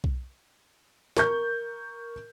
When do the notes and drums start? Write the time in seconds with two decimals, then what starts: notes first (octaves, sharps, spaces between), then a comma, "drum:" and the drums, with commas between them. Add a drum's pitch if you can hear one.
0.04 drum: kick B1
1.17 A#4 C#6 G6, drum: snare